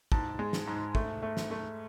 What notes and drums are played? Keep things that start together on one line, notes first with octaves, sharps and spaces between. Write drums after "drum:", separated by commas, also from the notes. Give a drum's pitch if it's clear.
G#2 A5, drum: kick
G#3
drum: snare
G#2
A3, drum: kick
A3
drum: snare
A3